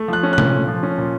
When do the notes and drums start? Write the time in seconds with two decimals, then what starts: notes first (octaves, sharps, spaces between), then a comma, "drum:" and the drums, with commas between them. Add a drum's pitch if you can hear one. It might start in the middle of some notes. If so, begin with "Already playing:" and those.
Already playing: A3
0.08 F3 F#6
0.23 C#4
0.33 F#6
0.38 A#2, drum: tom C3
0.53 A3
0.68 F3
0.83 C#4
0.98 A#2